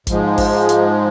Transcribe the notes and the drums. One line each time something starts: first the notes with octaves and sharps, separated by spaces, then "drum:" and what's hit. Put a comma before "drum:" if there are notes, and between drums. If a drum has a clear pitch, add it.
G#2 F3 G#3, drum: kick, hi-hat
drum: kick, open hi-hat
drum: hi-hat